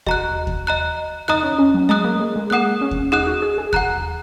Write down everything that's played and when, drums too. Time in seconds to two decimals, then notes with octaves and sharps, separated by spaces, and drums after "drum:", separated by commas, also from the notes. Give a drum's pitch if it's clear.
0.07 F#4 D#5 A#5 F#6, drum: kick D#2
0.47 drum: kick D#2
0.67 D#5 A#5 F#6
1.28 D#4 D#5 A#5 D#6 F#6, drum: tom E2
1.43 C#4
1.59 C#4
1.74 F#3
1.89 G#3 D#5 A#5 D#6 F#6
2.04 A#3
2.20 G#3
2.36 G#3
2.50 A#3 G#4 F#5 D#6 F#6
2.81 C#4
2.91 drum: kick D#2
3.12 D#4 G#4 F#5 D#6 F#6
3.27 F#4
3.42 G#4
3.58 G#4
3.73 F#5 A#5 F#6, drum: kick D#2